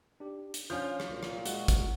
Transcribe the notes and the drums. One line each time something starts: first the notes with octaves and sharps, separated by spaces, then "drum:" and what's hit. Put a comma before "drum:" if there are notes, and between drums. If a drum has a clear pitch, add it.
D4 G4
drum: hi-hat
F3 C#4 D4 F4 F5 G6
drum: rim click
C2 A#2 F#3
drum: rim click
G#3 F#4, drum: hi-hat
drum: kick, hi-hat